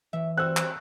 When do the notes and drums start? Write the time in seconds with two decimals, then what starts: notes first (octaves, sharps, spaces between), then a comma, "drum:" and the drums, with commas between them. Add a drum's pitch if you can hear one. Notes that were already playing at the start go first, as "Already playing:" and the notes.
0.13 F#2 E3 E5
0.37 G3 C4 F#4 E6 F#6
0.57 drum: clap